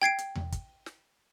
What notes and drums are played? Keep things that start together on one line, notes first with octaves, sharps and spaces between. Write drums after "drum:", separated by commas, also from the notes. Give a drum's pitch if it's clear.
G5 G#6 C7 D7
drum: hi-hat
drum: tom E2
drum: kick, hi-hat
drum: snare